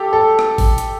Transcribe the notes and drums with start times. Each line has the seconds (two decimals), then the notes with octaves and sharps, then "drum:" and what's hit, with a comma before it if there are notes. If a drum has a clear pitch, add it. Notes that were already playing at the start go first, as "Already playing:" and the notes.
Already playing: G4 A4
0.13 A4
0.39 drum: rim click
0.58 drum: kick G#1, open hi-hat
0.78 drum: hi-hat